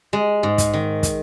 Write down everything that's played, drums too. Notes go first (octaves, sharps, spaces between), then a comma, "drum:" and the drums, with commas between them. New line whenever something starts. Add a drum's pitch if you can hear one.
G#3
G#2
drum: kick, hi-hat
D#3
drum: kick, hi-hat